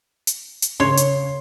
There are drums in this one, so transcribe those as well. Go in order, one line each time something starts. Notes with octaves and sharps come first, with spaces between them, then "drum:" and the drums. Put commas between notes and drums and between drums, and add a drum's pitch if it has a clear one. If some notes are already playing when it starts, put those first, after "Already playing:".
drum: hi-hat
drum: hi-hat
C#3 C#5 C6
drum: hi-hat